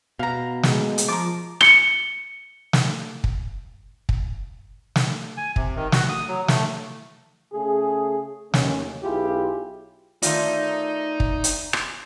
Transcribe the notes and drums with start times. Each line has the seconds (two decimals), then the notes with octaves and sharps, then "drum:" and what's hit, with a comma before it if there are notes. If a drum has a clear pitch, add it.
0.19 B2 F5 A#5
0.63 G#3, drum: snare
0.98 drum: hi-hat
1.08 F3 A#4 D6
1.61 C#7 G7, drum: rim click
2.73 drum: snare
3.24 drum: kick
4.09 drum: kick
4.96 drum: snare
5.37 G#5
5.56 C3, drum: kick
5.76 D#3
5.92 F#4, drum: snare
6.09 D#6
6.28 F#3
6.48 A3, drum: snare
7.53 C#3 A3 G#4
8.54 D#2 C#4, drum: snare
9.03 B1 E4 F4 G4 G#4
10.22 D#3 A3 D#4 F4 D5 E5 C6, drum: hi-hat
11.20 drum: kick
11.44 drum: hi-hat
11.73 drum: rim click